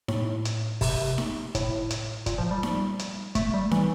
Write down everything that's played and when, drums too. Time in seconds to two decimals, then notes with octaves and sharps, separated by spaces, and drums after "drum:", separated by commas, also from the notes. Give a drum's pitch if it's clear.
0.08 A2, drum: snare D#4
0.45 drum: hi-hat
0.81 C3, drum: kick, open hi-hat
1.18 drum: snare D#4
1.55 A2, drum: kick, hi-hat
1.90 drum: hi-hat
2.26 A#2, drum: kick, hi-hat
2.38 F3
2.51 G3
2.63 drum: snare D#4
2.99 drum: hi-hat
3.35 A3, drum: kick, hi-hat
3.54 G3
3.71 E3, drum: snare D#4